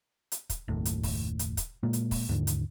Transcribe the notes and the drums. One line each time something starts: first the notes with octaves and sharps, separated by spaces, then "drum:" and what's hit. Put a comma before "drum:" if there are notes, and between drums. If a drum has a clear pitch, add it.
drum: hi-hat
drum: kick, hi-hat
F#1 D#2 A2
drum: hi-hat
drum: kick, open hi-hat
drum: hi-hat
drum: kick, hi-hat
A#2 G#3 A#3
drum: hi-hat
drum: kick, open hi-hat
D#2 G#2 D3
drum: hi-hat